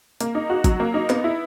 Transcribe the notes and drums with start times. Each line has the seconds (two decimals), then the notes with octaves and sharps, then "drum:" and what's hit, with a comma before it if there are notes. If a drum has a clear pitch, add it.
0.20 A#3, drum: hi-hat
0.35 D#4
0.50 F#4
0.64 F#3, drum: kick, hi-hat
0.80 A#3
0.94 D#4
1.10 B3, drum: clap
1.24 E4